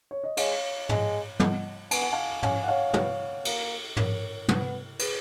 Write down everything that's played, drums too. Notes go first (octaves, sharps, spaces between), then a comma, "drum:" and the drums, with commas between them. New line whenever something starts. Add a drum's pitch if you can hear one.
C#5
D#5
G#3 C#5 F5, drum: cymbal
G#3, drum: tom
D#5 F#5, drum: tom
B3 G#5, drum: cymbal
F#5
F5 G#5
C#4 F5 G#5, drum: tom
F#5
C#5 F5
B3 C#5 F5, drum: tom
A#3, drum: cymbal
A#4 C#5, drum: tom
B3, drum: tom
G#4 B4, drum: cymbal